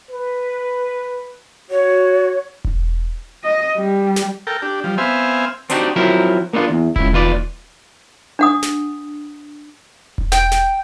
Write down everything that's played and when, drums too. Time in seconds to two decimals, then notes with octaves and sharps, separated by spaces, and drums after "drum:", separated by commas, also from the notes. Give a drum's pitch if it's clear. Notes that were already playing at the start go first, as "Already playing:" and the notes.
0.11 B4
1.70 F#4 C#5
2.64 drum: kick E1
3.44 D#5
3.78 G3
4.16 drum: snare
4.47 A4 A#4 G5
4.62 D4 G4
4.84 F3 G3
4.98 B3 C4 C5 E5 F5 G#5
5.70 C4 D4 D#4 F#4 G4, drum: hi-hat
5.96 F3 F#3 C4 E4 A#4
6.53 A#3 B3 D4 F4
6.70 E2
6.96 C#2 E4, drum: kick E1
7.13 D#2 F4 B4 D5
8.39 D4 F#5 D#6
8.63 drum: snare
10.18 drum: kick E1
10.32 G5, drum: snare
10.52 drum: snare